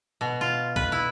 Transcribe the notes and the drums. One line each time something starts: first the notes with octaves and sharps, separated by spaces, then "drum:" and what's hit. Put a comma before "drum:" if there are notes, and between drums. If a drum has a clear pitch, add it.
B2
F4
B4, drum: kick B1
E4